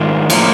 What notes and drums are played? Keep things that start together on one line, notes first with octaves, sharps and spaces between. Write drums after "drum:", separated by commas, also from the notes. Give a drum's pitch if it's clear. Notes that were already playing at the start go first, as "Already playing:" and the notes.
Already playing: G#2 D#3 F4
A2 F3 A#3, drum: cymbal